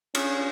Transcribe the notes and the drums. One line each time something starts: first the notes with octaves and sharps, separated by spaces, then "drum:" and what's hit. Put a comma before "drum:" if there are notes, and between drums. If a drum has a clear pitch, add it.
C#4, drum: cymbal